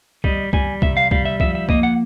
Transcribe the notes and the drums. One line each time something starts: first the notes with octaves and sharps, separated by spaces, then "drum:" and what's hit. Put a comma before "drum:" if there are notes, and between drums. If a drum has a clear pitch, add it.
G3 D#5, drum: kick
G3 G#5, drum: kick
C3 E5, drum: kick
F5
G3 F5, drum: kick
E5
F3 E5, drum: kick
E5
A#3 D#5, drum: kick
F#5